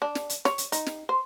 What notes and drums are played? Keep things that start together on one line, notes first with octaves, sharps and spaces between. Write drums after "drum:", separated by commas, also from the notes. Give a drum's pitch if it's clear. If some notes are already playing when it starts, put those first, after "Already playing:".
D4
drum: snare
drum: hi-hat
C#5, drum: snare
drum: hi-hat
D#4, drum: hi-hat
drum: snare
C5